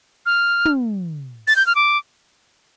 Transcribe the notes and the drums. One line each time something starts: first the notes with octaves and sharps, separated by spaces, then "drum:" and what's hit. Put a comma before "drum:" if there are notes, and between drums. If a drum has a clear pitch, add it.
F6
drum: tom
A6, drum: open hi-hat
G6
F6
D6